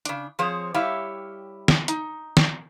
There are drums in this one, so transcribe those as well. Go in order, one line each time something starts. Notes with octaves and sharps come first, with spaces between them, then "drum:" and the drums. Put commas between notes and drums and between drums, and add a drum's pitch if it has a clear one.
C#3 D4, drum: hi-hat
F3 C4 G#4 C5 C#5
G3 E4 G4 C#5 E5 F5
drum: snare
D#4, drum: hi-hat
drum: snare